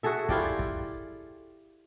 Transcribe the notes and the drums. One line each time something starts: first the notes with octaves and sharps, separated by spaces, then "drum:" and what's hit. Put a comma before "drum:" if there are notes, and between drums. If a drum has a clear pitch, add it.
F#4 G#4 A4 E5
E4 F4 G4 D5, drum: kick
drum: kick